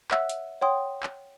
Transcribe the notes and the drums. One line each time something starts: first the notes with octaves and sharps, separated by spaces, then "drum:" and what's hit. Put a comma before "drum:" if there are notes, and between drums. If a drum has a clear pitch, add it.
C#5 E5 F#5 E6 F#6, drum: clap
drum: hi-hat
C#5 F#5 G5 C6 D#6
drum: clap